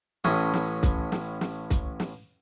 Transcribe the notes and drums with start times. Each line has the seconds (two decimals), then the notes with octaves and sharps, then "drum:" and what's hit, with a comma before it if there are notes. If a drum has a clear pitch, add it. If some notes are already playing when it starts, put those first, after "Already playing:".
0.24 A1 A2 C#4 D#5, drum: snare
0.54 drum: snare
0.83 drum: kick C2, hi-hat
1.12 drum: snare
1.41 drum: snare
1.70 drum: kick C2, hi-hat
2.00 drum: snare